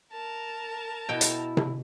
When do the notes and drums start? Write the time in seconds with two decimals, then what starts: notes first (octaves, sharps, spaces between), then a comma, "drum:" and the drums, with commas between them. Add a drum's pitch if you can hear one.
0.13 A#4 A5
1.09 B2 E4 G5
1.21 drum: hi-hat
1.57 drum: tom C3